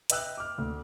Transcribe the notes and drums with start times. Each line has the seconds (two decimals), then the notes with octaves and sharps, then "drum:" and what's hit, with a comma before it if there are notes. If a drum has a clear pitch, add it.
0.10 B4 D#5 E5 G5 E6 F#6, drum: hi-hat
0.38 D6 F6
0.58 D2